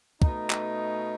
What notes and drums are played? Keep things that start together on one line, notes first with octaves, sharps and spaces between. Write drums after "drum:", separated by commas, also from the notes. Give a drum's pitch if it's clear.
B2 A3 D#4, drum: kick
drum: clap